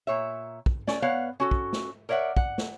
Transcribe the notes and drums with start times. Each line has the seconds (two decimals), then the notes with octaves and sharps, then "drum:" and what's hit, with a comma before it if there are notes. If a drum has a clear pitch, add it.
0.07 A#2 C#5 E5
0.66 drum: kick
0.87 C#4 D5, drum: snare
1.02 B3 C#5 F5 F#5
1.40 C#4 F#4 A4
1.51 drum: kick
1.73 drum: snare
2.09 A#4 C#5 D5 E5 F#5
2.37 F#5, drum: kick
2.58 drum: snare